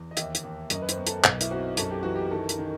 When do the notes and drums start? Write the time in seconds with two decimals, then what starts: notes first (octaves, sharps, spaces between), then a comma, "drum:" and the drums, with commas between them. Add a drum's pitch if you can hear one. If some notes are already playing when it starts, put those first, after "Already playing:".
Already playing: E2
0.11 D#5
0.17 D#2 E5, drum: hi-hat
0.35 drum: hi-hat
0.44 D#2
0.70 F#2 D#5, drum: hi-hat
0.82 B4
0.89 C5, drum: hi-hat
0.98 B3
1.07 A4, drum: hi-hat
1.24 B1, drum: clap
1.41 E4, drum: hi-hat
1.51 C4 F#4
1.77 F#2 A4, drum: hi-hat
1.90 G4
2.03 E3 F#4
2.16 G4
2.31 D#3 A4
2.49 drum: hi-hat
2.58 D#3